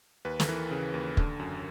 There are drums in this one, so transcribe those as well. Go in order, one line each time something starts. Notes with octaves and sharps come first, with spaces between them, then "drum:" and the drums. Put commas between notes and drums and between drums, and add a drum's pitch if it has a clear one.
D#2 B4
A4, drum: snare
E3 A#4
C#3
D#2
D3, drum: kick
F#2